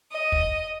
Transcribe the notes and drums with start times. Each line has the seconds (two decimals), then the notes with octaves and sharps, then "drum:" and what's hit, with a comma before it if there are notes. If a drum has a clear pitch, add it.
0.12 D#5
0.32 drum: kick